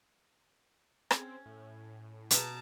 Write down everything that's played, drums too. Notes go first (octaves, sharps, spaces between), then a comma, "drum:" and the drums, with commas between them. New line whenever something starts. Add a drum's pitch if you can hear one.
C4 C#4, drum: rim click
A2
B2 A5 A#5, drum: hi-hat